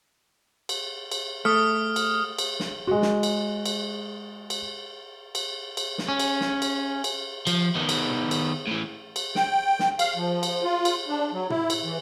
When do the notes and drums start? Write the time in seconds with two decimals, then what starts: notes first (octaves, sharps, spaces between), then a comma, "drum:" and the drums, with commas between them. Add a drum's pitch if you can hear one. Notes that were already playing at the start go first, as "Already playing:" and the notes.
0.69 drum: cymbal
1.11 drum: cymbal
1.45 A3 D#6 F6
1.96 drum: cymbal
2.38 drum: cymbal
2.60 drum: snare
2.87 G#3 F#4
3.02 drum: snare
3.23 drum: cymbal
3.65 drum: cymbal
4.50 drum: cymbal
5.35 drum: cymbal
5.77 drum: cymbal
5.98 drum: snare
6.08 C#4
6.19 drum: cymbal
6.41 drum: snare
6.62 drum: cymbal
7.04 drum: cymbal
7.47 F3, drum: cymbal
7.75 D#3 B3
7.89 drum: cymbal
8.10 drum: tom
8.31 drum: cymbal
8.67 A2 E3
9.16 drum: cymbal
9.35 G5, drum: snare
9.79 drum: snare
9.99 F5, drum: cymbal
10.16 F3
10.43 drum: cymbal
10.64 F4
10.85 drum: cymbal
11.08 D4
11.33 F#3
11.50 E4, drum: tom
11.70 drum: cymbal
11.84 E3